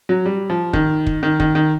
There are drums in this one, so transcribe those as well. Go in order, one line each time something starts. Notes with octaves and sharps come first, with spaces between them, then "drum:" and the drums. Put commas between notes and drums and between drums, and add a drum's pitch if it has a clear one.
F#3
G3
F3
D#3, drum: kick
drum: kick
D#3
D#3, drum: kick
D#3